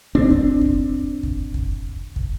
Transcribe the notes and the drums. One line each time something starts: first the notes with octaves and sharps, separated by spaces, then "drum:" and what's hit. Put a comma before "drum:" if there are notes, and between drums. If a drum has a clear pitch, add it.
C4 D4
drum: kick
drum: kick
drum: kick
drum: kick
drum: kick